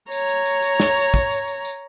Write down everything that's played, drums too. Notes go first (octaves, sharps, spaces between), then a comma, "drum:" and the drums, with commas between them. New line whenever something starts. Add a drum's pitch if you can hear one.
C#5 A#5, drum: tambourine
drum: tambourine
drum: tambourine
drum: tambourine
drum: snare
drum: tambourine
drum: kick, tambourine
drum: tambourine
drum: tambourine
drum: tambourine